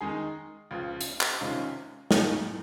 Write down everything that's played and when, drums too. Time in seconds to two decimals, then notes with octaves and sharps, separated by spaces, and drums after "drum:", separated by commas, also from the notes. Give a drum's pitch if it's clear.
0.01 D#3 G#3 D#4 G#4
0.71 C#2 C#3 F3
1.01 drum: hi-hat
1.21 drum: clap
1.41 C3 D#3 G#3 C#4 F4
2.11 F2 D#3 A#3 D#4 G#4, drum: snare